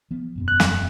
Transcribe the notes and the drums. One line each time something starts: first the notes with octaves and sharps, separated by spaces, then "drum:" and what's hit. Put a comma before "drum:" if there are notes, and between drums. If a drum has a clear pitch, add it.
F3 B3
E1 F#2 B3
F#6
drum: snare